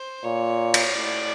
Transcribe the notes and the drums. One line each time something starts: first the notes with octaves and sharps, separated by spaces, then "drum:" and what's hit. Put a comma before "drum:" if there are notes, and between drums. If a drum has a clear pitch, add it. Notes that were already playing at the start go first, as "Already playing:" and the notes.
Already playing: C5
A#2 C#5
drum: cymbal
A2 D5